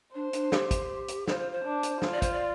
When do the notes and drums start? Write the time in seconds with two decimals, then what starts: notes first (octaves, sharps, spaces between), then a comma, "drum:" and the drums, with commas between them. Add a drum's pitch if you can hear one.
0.15 D4 C5
0.33 D4, drum: hi-hat
0.52 G4, drum: snare
0.71 drum: kick, hi-hat
1.08 drum: hi-hat
1.27 F4 C5, drum: snare
1.39 C5
1.52 C5
1.64 D4
1.83 drum: hi-hat
2.02 F4, drum: snare
2.12 D5
2.22 C5, drum: kick, hi-hat
2.33 D5